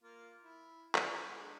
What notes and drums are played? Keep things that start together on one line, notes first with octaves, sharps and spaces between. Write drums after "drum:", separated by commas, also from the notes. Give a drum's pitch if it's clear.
A#3 F4
E4
drum: clap
G#4
G#3 D4